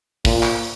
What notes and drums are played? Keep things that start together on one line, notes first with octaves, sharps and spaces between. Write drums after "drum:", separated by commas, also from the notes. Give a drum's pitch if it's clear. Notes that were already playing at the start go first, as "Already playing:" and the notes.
A#2, drum: kick, open hi-hat
drum: clap